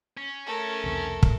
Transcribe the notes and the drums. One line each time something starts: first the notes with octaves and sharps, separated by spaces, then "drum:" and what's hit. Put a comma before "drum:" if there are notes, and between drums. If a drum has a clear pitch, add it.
C#4
A3 A4 A#4
B1 E2 C3
drum: kick